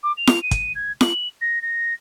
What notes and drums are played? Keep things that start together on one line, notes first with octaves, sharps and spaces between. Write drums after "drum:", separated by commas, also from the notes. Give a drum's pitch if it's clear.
D6
F7
drum: snare
D#7
drum: kick, hi-hat
G#6
F#7, drum: snare
A#6
A#6